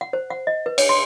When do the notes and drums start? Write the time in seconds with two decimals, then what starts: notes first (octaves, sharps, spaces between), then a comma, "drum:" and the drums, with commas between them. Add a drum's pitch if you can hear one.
0.01 F#5
0.13 C5
0.30 F#5
0.47 D#5
0.66 B4
0.78 C#5, drum: cymbal
0.89 C6